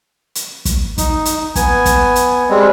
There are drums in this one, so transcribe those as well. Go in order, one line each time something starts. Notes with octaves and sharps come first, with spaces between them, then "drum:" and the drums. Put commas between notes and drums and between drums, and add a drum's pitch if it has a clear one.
drum: hi-hat
drum: kick, hi-hat
D#4, drum: kick, hi-hat
drum: hi-hat
B3 G#5, drum: kick, hi-hat
drum: kick, hi-hat
drum: hi-hat
G3 G#3 C4